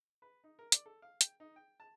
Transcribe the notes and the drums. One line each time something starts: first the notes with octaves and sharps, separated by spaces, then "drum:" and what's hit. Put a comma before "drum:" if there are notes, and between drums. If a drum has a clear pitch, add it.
B4
D#4
A#4
D5, drum: hi-hat
A4
F5
G5, drum: hi-hat
D#4
G5
A5